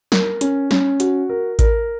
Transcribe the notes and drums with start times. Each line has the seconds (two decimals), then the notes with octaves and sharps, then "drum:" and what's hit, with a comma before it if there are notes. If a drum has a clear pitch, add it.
0.12 A#4, drum: snare
0.41 C#4, drum: hi-hat
0.71 C#4, drum: snare
1.00 F#4, drum: hi-hat
1.29 A#4
1.59 A#4, drum: kick A1, hi-hat